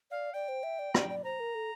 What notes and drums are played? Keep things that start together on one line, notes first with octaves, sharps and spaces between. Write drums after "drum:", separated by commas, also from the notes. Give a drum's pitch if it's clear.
D5 F5
D5 G5
C5
E5
D5
D5, drum: rim click
D5
C5 A#5
A#4
A4